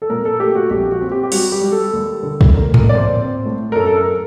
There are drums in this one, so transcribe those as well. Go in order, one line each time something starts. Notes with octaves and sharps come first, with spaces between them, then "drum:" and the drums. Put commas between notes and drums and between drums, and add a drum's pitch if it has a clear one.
A4
A#2 A#4
A4
A3 G4
F#4
A#1 G4
F#4
C4
G4
G4
G3 F#4, drum: open hi-hat
G4
G3
A4
D#2
D3
drum: kick
A3 A#4
A#4, drum: tom G#2
A#1
D5
C5
C4
A2
A#4
F#2 A4
A4
A#4